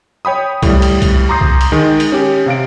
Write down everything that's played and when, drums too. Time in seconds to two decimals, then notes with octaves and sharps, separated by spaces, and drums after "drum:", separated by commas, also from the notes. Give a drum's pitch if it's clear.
0.25 C#5 G5 B5 D#6
0.63 A2 G3, drum: kick C2, cymbal
0.82 drum: cymbal
1.02 drum: kick C2, cymbal
1.29 A#5 C6 D6 D#6 G6 C7
1.41 drum: kick C2
1.61 drum: cymbal
1.72 D#3 G#3
2.00 drum: cymbal
2.12 C#4 G4
2.46 C3 F5 D7